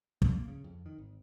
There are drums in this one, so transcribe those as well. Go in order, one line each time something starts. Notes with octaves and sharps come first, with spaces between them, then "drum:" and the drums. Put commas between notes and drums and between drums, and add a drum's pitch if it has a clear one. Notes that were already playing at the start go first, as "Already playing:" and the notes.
D3, drum: kick
A#3
C#3
F2
D#3
G#1